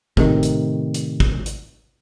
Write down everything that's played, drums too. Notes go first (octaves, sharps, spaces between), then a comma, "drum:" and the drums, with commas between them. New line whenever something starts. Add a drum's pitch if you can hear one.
A2 C3 D#3, drum: kick G#1
drum: hi-hat
drum: hi-hat
drum: kick G#1
drum: hi-hat